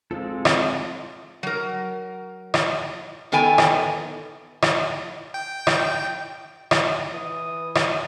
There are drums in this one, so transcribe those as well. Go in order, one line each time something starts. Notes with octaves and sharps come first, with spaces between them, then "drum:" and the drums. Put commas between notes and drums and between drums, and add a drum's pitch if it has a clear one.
G#3 C4 F4 A4
drum: rim click
F#3 A#4
drum: rim click
D#3 B3 A4 G5 G#5
drum: rim click
drum: rim click
G5
drum: rim click
drum: rim click
E3 D#6
drum: rim click